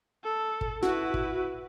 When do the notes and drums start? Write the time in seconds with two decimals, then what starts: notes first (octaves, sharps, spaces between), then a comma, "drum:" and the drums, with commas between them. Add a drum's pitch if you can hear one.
0.24 A4
0.61 drum: kick
0.83 E4 F#4 B4, drum: snare
1.14 drum: kick